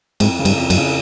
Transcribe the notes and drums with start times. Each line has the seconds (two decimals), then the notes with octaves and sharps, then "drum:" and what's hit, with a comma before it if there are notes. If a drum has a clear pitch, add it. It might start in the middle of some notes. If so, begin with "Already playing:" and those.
0.20 F2 G#2, drum: cymbal
0.39 C#3
0.45 G2, drum: cymbal
0.58 F2
0.70 F#2, drum: cymbal
0.77 C#3